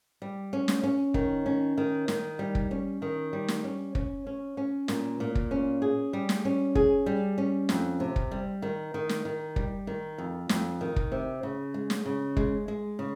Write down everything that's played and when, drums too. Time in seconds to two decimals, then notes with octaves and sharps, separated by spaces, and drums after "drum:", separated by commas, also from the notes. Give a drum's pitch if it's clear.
0.22 G3
0.53 C#4
0.68 drum: snare
0.83 C#4
1.14 D#3, drum: kick
1.46 C#4
1.78 D#3
2.08 D#3, drum: snare
2.39 G3
2.55 drum: kick
2.71 C#4
3.02 D#3
3.33 G3
3.48 drum: snare
3.64 C#4
3.95 C#4, drum: kick
4.27 C#4
4.57 C#4
4.88 A#2, drum: snare
5.20 A#2
5.35 drum: kick
5.51 C#4
5.82 G#4
6.13 G3
6.29 drum: snare
6.45 C#4
6.75 G#4, drum: kick
7.06 G3
7.38 C#4
7.69 F2, drum: snare
8.00 C3
8.16 drum: kick
8.31 G3
8.62 D#3
8.94 D#3
9.09 drum: snare
9.25 D#3
9.56 G3, drum: kick
9.87 D#3
10.18 F2
10.49 F2, drum: snare
10.81 D#3
10.96 drum: kick
11.12 C3
11.43 C#3
11.74 G#3
11.90 drum: snare
12.06 C#3
12.37 G#3, drum: kick
12.68 G#3
12.99 C#3